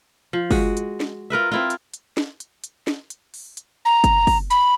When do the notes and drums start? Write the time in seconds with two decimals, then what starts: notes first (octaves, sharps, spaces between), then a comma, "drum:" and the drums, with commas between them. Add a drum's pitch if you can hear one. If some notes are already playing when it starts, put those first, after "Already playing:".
0.33 F3
0.51 G#3 F#4, drum: kick, open hi-hat
0.77 drum: hi-hat
1.00 drum: snare
1.30 F4 A#4 B4 E5
1.52 C4 E4 F4
1.70 drum: hi-hat
1.94 drum: hi-hat
2.17 drum: snare
2.40 drum: hi-hat
2.64 drum: hi-hat
2.87 drum: snare
3.10 drum: hi-hat
3.34 drum: open hi-hat
3.57 drum: hi-hat
3.85 A#5
4.04 drum: kick, hi-hat
4.27 drum: kick, open hi-hat
4.50 B5, drum: hi-hat